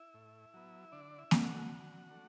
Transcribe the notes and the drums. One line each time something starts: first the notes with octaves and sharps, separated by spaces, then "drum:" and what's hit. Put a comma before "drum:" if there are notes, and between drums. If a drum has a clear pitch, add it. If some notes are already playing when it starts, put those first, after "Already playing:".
Already playing: E4 E5
A2
F#3 B3
D3 D4 D5
E4 E5
A3 D4, drum: snare A#3
F#4 F#5
D3
A3 D4